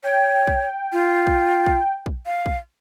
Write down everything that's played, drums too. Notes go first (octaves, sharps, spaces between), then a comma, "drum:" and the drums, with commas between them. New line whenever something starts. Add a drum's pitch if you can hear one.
C#5 G5
drum: kick
F4
drum: kick
drum: kick
drum: kick
F5
drum: kick